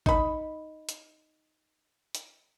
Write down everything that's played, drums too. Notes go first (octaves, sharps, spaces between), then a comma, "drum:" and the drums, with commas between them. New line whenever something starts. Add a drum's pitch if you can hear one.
D#4 B5, drum: kick G#1
drum: hi-hat
drum: hi-hat